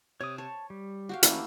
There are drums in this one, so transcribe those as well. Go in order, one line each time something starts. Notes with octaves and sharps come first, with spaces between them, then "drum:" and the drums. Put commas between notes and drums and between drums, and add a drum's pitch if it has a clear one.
C3 C#5 D#6
C#5 A5
G3
F#4 G4 F5
E3 A3 A#3 C#4 E4, drum: hi-hat